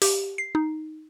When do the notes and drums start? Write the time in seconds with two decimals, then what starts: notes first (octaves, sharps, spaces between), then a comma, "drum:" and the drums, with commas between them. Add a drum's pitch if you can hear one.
0.02 G4, drum: open hi-hat
0.38 C7
0.55 D#4